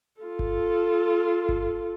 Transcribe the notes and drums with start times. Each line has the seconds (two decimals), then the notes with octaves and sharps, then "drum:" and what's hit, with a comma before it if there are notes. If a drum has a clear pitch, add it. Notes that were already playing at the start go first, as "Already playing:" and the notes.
0.21 F4 A4
0.39 drum: kick G1
1.49 drum: kick G1